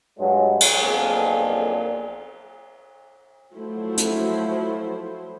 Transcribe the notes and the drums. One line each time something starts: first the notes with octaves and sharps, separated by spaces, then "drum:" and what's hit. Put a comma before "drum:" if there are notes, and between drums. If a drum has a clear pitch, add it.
G2 F#3 G#3
drum: cymbal
B1 F2 A#3 C4 D4 G#4
F3 F#3 A3 E4 C5
drum: hi-hat